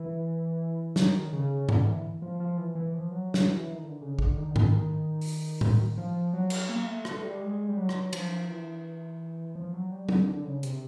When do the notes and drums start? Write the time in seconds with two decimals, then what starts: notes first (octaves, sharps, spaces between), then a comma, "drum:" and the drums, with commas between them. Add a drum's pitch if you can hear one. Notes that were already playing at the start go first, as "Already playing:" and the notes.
Already playing: E3
0.96 D#3, drum: snare
1.33 C#3
1.69 D3, drum: tom G#2
1.86 E3
2.22 F3
2.40 F3
2.58 E3
2.75 E3
2.94 F3
3.12 F#3
3.34 drum: snare
3.48 E3
3.73 D#3
3.83 D3
4.01 C#3
4.19 D3, drum: kick
4.37 D#3
4.46 D3
4.56 D#3, drum: tom G#2
5.21 drum: open hi-hat
5.61 drum: tom A2
5.97 F3
6.33 F#3
6.50 drum: cymbal
6.69 A#3
6.86 A3
7.05 A3, drum: rim click
7.23 G3
7.40 G#3
7.69 G3
7.77 F#3
7.89 drum: rim click
8.13 F3, drum: cymbal
8.48 E3
9.55 F3
9.73 F#3
9.91 G3
10.09 D3, drum: tom
10.27 D3
10.44 C#3
10.63 C3, drum: hi-hat